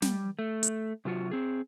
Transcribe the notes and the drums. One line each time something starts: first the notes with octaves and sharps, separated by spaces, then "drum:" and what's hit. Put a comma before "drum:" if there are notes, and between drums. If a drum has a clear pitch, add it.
G3, drum: snare
A3
drum: hi-hat
C3 F#3 F4 F#4
C4 G#4